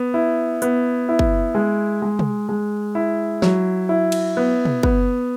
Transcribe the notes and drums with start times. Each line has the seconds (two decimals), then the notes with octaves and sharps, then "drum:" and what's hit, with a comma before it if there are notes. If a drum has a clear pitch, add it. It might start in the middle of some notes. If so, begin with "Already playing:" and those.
Already playing: B3
0.14 E4
0.62 B3, drum: hi-hat
1.09 E4
1.19 drum: kick
1.55 G#3
2.02 G#3
2.19 drum: tom
2.49 G#3
2.95 E4
3.42 F#3, drum: snare
3.89 E4
4.12 drum: cymbal
4.37 B3
4.65 drum: tom
4.83 B3, drum: kick